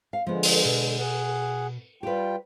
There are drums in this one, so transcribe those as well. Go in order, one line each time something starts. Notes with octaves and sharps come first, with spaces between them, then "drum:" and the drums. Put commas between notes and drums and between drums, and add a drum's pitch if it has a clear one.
F5
D3 F3 G#3 B3
drum: open hi-hat
B2
G#4 F#5
G3 F4 G4 B4 G5